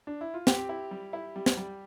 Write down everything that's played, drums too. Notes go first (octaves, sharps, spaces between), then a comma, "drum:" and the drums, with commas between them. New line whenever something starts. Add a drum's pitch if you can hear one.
D4
E4
F4
C4 G4, drum: snare
E4
G3
E4
G3
drum: snare
G3